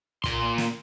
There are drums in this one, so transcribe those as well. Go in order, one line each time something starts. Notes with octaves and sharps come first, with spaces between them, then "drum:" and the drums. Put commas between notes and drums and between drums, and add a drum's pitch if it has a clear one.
A#2 C6, drum: kick, hi-hat
drum: snare